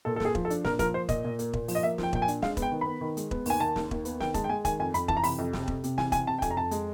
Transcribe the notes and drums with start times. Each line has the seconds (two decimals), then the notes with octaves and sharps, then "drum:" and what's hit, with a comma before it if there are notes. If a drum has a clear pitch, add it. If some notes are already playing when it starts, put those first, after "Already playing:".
0.05 A#2 A4
0.16 A4
0.20 A#3, drum: snare
0.25 G#4
0.35 F3, drum: kick E1
0.45 A4
0.50 D4, drum: hi-hat
0.65 A#2 A#4, drum: snare
0.79 F3 A#4, drum: kick E1, hi-hat
0.94 A#3 C5
1.09 A#2 D#5, drum: kick E1, hi-hat
1.24 A#2
1.39 A#3, drum: hi-hat
1.53 A#2, drum: kick E1
1.68 F3, drum: open hi-hat
1.75 D#5
1.83 A#3 E5
1.98 F3 G5, drum: snare
2.13 A#2 G5, drum: kick E1
2.22 G#5
2.28 D4, drum: hi-hat
2.42 G#3 F5, drum: snare
2.57 B3, drum: kick E1, hi-hat
2.62 G5
2.72 D#3
2.81 B3 B5
3.01 D#3
3.17 G#3, drum: hi-hat
3.31 B3, drum: kick E1
3.46 D#2 G#5, drum: open hi-hat
3.60 D#3 A5
3.76 D#2, drum: snare
3.91 D#2, drum: kick E1
4.05 B3, drum: hi-hat
4.20 D#3 G5, drum: snare
4.34 G#3 A5, drum: kick E1, hi-hat
4.44 G5
4.49 G#3 G#5
4.65 D#3 G#5, drum: kick E1, hi-hat
4.79 F2 G#5
4.94 F2 B5, drum: hi-hat
5.08 E3 A5, drum: kick E1
5.17 A#5
5.24 C3 B5, drum: open hi-hat
5.39 F2
5.53 C3, drum: snare
5.68 C3, drum: kick E1
5.84 C3, drum: hi-hat
5.98 E3 G#5, drum: snare
6.12 C3 G#5, drum: kick E1, hi-hat
6.27 C3 A5
6.39 G5
6.42 F2 G#5, drum: kick E1, hi-hat
6.51 A#5
6.57 F2 A5
6.71 G#3, drum: hi-hat